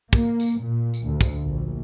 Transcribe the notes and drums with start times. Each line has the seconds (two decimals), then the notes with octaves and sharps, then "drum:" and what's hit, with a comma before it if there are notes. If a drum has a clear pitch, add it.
0.13 A#3, drum: kick, tambourine
0.40 drum: tambourine
0.62 A#2
0.94 drum: tambourine
1.04 D2
1.21 drum: kick, tambourine
1.45 A#1